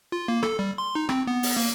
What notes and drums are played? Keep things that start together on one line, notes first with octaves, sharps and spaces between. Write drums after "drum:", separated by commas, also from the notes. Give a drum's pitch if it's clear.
F4
A#3
A4, drum: rim click
G3
C6
D#4
C4, drum: rim click
B3
drum: open hi-hat
A#3